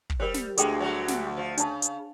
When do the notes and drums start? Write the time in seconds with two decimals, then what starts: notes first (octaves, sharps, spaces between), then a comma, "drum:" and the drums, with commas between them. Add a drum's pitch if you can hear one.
0.10 drum: kick
0.20 G3 A#4 C5
0.34 drum: snare
0.57 D2 G#3 G#4 A4 G5, drum: hi-hat
0.80 F#3 G3
1.08 drum: snare
1.37 F3
1.57 C#3 D4 A5, drum: hi-hat
1.82 drum: hi-hat